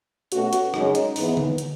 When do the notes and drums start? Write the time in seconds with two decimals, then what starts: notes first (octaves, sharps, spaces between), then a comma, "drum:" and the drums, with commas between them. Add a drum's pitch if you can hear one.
0.32 B2 A3 C#4 F#4, drum: hi-hat
0.53 drum: hi-hat
0.74 F#2 C#3 G#3 C#4 D#4, drum: rim click
0.95 drum: hi-hat
1.16 G#2 E3 B3, drum: open hi-hat
1.37 drum: tom D3
1.58 drum: hi-hat